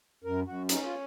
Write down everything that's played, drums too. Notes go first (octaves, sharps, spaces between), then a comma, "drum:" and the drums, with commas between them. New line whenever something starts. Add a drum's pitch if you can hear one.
F#2 A#4
F#2 F#4
C#4 D#4, drum: hi-hat
F4